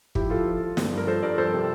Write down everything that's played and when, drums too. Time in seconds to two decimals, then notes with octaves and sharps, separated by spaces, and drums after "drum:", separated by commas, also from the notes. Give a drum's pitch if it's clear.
0.15 F3 E4 G4, drum: kick
0.30 F3 F4 A4
0.46 F3
0.61 F3
0.77 G2, drum: snare
0.92 G2
0.98 A#4
1.07 F3 A4 C5
1.23 G2 A#4 D5
1.38 F2 A4 C5
1.54 C3